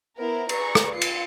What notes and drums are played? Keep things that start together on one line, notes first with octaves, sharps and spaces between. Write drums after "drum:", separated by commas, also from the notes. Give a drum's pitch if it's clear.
B3 E4 A#4 C5
G#4 B4 D5 A#5 C#6, drum: cymbal
drum: rim click
F4 C7 C#7
drum: cymbal